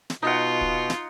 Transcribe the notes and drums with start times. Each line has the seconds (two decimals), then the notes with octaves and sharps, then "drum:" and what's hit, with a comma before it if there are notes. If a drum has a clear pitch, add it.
0.10 drum: snare
0.23 B2 D#4 F4 F#5
0.61 drum: kick
0.90 drum: snare